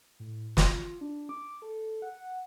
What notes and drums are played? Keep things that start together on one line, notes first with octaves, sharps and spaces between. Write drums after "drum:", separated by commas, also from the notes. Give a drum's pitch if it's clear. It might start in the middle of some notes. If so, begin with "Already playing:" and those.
A2
F4, drum: snare
D4
D6
A4
F#5